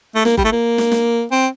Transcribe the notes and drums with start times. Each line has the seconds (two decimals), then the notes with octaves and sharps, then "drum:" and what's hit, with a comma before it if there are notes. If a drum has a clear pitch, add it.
0.15 A3
0.25 A#3, drum: snare
0.37 G3, drum: kick F#1
0.44 A3
0.52 A#3
0.78 drum: snare
0.92 drum: snare
1.31 C4